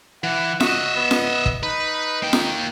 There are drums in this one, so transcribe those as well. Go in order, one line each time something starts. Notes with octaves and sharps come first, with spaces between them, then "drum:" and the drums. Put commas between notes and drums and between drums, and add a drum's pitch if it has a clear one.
E3 F#5
F#4 D#5 E5, drum: snare F4
B3
drum: snare F4
drum: kick
D#4 B4
A#3 G5
drum: snare F4